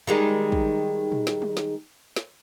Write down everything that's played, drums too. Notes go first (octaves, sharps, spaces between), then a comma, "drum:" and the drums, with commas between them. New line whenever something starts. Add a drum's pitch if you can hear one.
D#3 G3 G#3
drum: kick
drum: tom A#2
drum: snare
drum: tom F#3
drum: snare
drum: snare